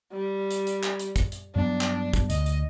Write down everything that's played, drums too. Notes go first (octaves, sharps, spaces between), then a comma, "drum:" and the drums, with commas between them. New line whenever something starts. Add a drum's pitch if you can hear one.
G3
drum: hi-hat
drum: hi-hat
drum: clap
drum: hi-hat
drum: kick, hi-hat
drum: hi-hat
G2 F#3 B3 D4
drum: clap
drum: kick, hi-hat
D2 D#5, drum: hi-hat
drum: hi-hat